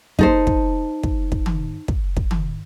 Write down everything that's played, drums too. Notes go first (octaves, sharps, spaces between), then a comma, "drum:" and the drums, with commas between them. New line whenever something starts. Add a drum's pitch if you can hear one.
D#4 A4 C5, drum: kick
drum: kick
drum: kick
drum: kick
drum: tom D#3
drum: kick
drum: kick
drum: tom D#3